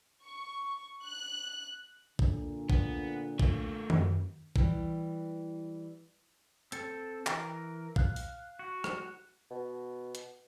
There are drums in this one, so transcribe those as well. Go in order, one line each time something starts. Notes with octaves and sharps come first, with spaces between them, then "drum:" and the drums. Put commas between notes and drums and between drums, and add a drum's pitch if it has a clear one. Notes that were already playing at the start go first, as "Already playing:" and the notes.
C#6
F#6
A#2 D3, drum: kick
B3, drum: kick
A3 A#3, drum: kick
F#2, drum: tom D#3
E3 G3, drum: kick
C4 A4, drum: hi-hat
E3 A#4, drum: clap
F5 F#6, drum: kick
drum: open hi-hat
F#4
drum: rim click
B2
drum: hi-hat